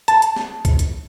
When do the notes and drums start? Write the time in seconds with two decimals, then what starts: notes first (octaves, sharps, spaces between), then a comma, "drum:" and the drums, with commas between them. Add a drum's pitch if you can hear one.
0.08 A5, drum: hi-hat
0.22 drum: hi-hat
0.36 drum: snare
0.65 drum: kick, hi-hat
0.79 drum: hi-hat